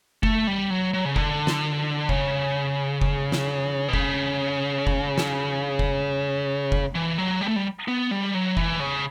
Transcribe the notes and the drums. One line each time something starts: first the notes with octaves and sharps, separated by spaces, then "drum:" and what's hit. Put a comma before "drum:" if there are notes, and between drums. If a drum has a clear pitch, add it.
A3, drum: kick F1
G3
F#3
F#3
C#3
D3, drum: kick F1
drum: snare
C#3, drum: kick F1
drum: kick F1
drum: snare
B2
C#3, drum: kick F1
drum: kick F1
drum: snare
drum: kick F1
drum: kick F1
E3
F#3
G3
A3
G3
B3
G3
F#3
E3, drum: kick F1
C#3